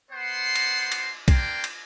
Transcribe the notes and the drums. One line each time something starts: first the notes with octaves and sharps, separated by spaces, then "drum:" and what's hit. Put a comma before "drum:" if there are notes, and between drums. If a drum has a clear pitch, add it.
B3 C5 F#5 C6
drum: cymbal
drum: cymbal
A#3 D4 G5 C6, drum: kick B1, cymbal
drum: cymbal